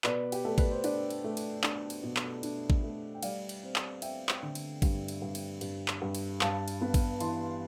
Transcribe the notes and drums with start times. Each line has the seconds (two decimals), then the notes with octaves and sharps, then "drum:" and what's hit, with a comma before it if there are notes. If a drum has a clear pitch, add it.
0.04 B2 B4 D5, drum: clap
0.32 G4, drum: cymbal
0.45 A3 A4
0.58 B4, drum: kick A1, cymbal
0.71 C5
0.84 D4 B4 D5, drum: cymbal
1.10 drum: cymbal
1.24 A3
1.37 drum: cymbal
1.64 D4, drum: clap
1.90 drum: cymbal
2.03 B2
2.17 drum: clap
2.43 D4, drum: cymbal
2.70 drum: kick A1
2.83 A3
3.15 G5
3.23 G3 D5 F5, drum: cymbal
3.49 drum: cymbal
3.63 C4
3.76 drum: clap
4.02 C4 E5 G5, drum: cymbal
4.29 drum: clap
4.43 D3
4.55 drum: cymbal
4.82 G2, drum: kick A1, cymbal
5.08 drum: cymbal
5.22 G2
5.35 drum: cymbal
5.61 G2, drum: cymbal
5.88 drum: clap
6.02 G2
6.15 drum: cymbal
6.41 G2 F5 A5, drum: clap
6.68 drum: cymbal
6.81 B3
6.94 drum: kick A1, cymbal
7.20 E3 A5 C6, drum: cymbal